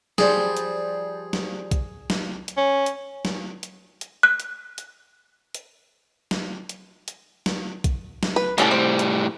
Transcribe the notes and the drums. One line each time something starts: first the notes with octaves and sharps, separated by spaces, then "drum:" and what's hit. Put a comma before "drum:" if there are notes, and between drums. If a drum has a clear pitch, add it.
F3 G3 G#4 C5, drum: snare
drum: hi-hat
drum: snare
drum: kick B1, hi-hat
drum: snare
drum: hi-hat
C#4
drum: hi-hat
drum: snare
drum: hi-hat
drum: hi-hat
F#6
drum: hi-hat
drum: hi-hat
drum: hi-hat
drum: snare
drum: hi-hat
drum: hi-hat
drum: snare
drum: kick B1, hi-hat
drum: snare
B4
A2 G3 B3 C#4 A4, drum: hi-hat
C4 C5
drum: hi-hat